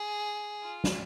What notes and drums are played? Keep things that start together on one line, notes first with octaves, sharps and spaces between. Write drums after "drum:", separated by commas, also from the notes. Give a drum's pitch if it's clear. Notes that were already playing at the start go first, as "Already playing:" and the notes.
Already playing: G#4
F4
drum: snare